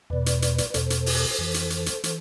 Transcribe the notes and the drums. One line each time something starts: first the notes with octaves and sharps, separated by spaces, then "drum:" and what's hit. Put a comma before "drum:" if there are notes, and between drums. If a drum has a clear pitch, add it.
E2 B2 B4 D5
drum: hi-hat
drum: hi-hat
drum: hi-hat
B4
E2 B2 A4 C5, drum: hi-hat
drum: hi-hat
drum: open hi-hat
F2 E3
drum: hi-hat
drum: hi-hat
drum: hi-hat
E3, drum: hi-hat